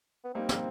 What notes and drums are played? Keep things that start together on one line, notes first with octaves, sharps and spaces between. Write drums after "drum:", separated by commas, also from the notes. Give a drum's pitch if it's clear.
B3
G3 A#3 C4 D#4
drum: snare